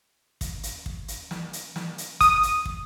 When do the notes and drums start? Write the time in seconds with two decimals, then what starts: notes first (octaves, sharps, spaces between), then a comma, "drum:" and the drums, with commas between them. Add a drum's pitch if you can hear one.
0.41 drum: kick, hi-hat
0.63 drum: hi-hat
0.86 drum: kick
1.08 drum: hi-hat
1.31 drum: snare
1.53 drum: hi-hat
1.76 drum: snare
1.98 drum: hi-hat
2.21 D#6, drum: kick, hi-hat
2.43 drum: hi-hat
2.65 drum: kick